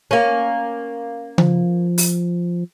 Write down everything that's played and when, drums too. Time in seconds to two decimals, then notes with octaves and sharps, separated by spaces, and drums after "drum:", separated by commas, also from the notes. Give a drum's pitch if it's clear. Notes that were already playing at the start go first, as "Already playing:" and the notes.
0.11 A#3 C#4
1.38 F3, drum: tom C#3
1.98 drum: open hi-hat